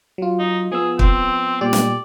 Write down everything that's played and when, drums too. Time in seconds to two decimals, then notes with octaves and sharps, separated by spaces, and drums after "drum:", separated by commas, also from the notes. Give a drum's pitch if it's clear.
0.18 F#3 F4
0.39 D#4
0.72 F3 B3 G#4 E6
0.99 C4, drum: kick
1.61 A#2 G3 G4 D5
1.73 drum: snare